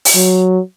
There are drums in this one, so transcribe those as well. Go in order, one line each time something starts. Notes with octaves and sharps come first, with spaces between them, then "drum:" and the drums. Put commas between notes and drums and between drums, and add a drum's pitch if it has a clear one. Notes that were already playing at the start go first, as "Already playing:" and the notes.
drum: open hi-hat
F#3